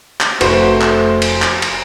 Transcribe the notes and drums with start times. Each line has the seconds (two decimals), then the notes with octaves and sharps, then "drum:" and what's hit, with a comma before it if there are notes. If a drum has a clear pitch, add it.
0.21 drum: clap
0.41 F1 F2 A3 F#4 B4 C5, drum: cymbal
0.81 drum: clap
1.22 drum: cymbal
1.42 drum: clap
1.62 drum: cymbal